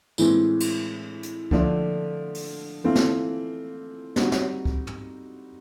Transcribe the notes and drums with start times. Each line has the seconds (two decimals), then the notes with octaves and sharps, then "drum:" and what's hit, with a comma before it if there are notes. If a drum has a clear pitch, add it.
0.18 A2 E3 G#3 C4, drum: tambourine
0.60 drum: cymbal
1.23 drum: hi-hat
1.51 D3 F3 A3 D4, drum: kick C#2
2.35 drum: open hi-hat
2.84 E3 A3 C4 F4
2.95 drum: snare
4.16 G3 C4 D#4 F#4, drum: snare
4.32 drum: snare
4.65 drum: kick C#2
4.87 drum: tom